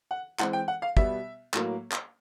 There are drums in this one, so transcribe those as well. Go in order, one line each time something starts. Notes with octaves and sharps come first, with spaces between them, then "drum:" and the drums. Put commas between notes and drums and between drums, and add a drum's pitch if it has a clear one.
F#5
E3 G#3 C4 F#5, drum: clap
G5
F#5
F5
B2 G3 B3 E5, drum: kick
A2 F#3 A#3, drum: clap
drum: clap